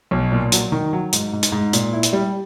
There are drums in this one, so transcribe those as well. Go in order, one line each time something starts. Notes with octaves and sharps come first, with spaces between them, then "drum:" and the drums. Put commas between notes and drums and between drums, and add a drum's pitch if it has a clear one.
B1
A#2
F#3, drum: hi-hat
D#3
F#3
G#2, drum: hi-hat
G#2
drum: hi-hat
G#2
A#2, drum: hi-hat
E4
drum: hi-hat
G3